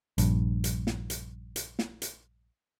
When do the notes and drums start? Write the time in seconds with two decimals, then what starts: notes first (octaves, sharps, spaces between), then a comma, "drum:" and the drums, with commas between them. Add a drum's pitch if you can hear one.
0.18 A#1 G2, drum: hi-hat
0.64 drum: hi-hat
0.87 drum: snare
1.10 drum: hi-hat
1.56 drum: hi-hat
1.79 drum: snare
2.02 drum: hi-hat